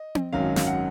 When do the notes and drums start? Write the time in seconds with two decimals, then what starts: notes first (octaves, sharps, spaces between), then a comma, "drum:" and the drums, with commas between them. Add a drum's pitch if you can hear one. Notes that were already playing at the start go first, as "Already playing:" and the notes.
Already playing: D#5
0.15 drum: tom C4
0.32 G#1 F#2 D#3 F#3 C#4 F5
0.56 F5, drum: snare
0.67 F#5